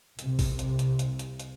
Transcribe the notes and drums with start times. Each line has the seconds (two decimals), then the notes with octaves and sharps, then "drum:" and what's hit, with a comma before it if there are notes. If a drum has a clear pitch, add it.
0.19 C2 C3, drum: hi-hat
0.39 drum: kick A1, open hi-hat
0.59 drum: hi-hat
0.79 drum: hi-hat
0.99 drum: hi-hat
1.19 drum: hi-hat
1.40 drum: hi-hat